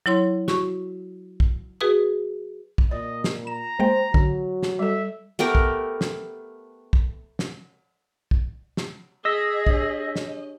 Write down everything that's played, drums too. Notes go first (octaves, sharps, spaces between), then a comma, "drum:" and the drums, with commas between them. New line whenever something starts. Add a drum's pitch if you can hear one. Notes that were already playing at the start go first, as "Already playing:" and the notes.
F#3 E4 C#5 C6
F#4 C#6, drum: snare
drum: kick
F#4 G#4 B4 D#6
drum: kick
A#2 D5 D#5
drum: snare
A#5 E7
G#3 A#3 C5 G5
D3 F#3, drum: kick
drum: snare
G3 A4 E5
A3 B3 G4 A#4
drum: kick
drum: snare
drum: kick
drum: snare
drum: kick
drum: snare
G#4 D#5 E6 A#6 B6
D4 G4 C#5, drum: kick
drum: snare